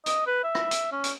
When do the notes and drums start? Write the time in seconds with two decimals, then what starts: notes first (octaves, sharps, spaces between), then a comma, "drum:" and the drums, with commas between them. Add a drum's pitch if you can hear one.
0.06 D#5, drum: hi-hat
0.27 B4
0.44 E5
0.55 drum: rim click
0.71 drum: hi-hat
0.92 C#4
1.04 drum: hi-hat